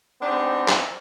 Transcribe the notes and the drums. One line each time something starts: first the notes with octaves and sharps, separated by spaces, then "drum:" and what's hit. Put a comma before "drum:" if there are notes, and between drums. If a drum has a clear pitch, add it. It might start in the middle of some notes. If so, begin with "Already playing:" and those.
G#3 B3 C4 D4 D#4 G4
drum: clap